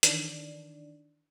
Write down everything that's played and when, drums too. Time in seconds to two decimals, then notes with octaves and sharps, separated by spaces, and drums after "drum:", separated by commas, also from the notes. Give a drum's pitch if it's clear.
0.03 D#3 E3 D4, drum: hi-hat